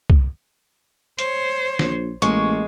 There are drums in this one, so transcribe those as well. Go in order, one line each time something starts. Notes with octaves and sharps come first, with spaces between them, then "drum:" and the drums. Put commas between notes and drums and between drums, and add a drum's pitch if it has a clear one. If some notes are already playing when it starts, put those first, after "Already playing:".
drum: kick C2
C5 C#5, drum: hi-hat
A#1, drum: snare
A1 G#3 A#3 C#6, drum: hi-hat